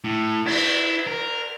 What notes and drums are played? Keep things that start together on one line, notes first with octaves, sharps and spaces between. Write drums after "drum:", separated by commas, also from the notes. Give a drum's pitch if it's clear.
A2
E4, drum: cymbal
A#4